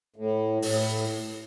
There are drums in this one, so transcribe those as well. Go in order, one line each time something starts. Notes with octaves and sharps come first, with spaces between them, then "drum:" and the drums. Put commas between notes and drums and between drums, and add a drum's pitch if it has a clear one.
A2
A2, drum: open hi-hat